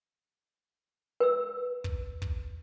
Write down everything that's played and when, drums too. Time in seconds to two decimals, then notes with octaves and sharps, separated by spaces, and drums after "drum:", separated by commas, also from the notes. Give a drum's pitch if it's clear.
1.20 B4 E6
1.84 drum: kick
2.22 drum: kick